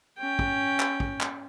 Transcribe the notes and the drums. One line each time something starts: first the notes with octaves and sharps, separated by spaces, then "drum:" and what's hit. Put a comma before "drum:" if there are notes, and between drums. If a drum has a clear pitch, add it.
C#4 G5
drum: kick
drum: clap
drum: kick
drum: clap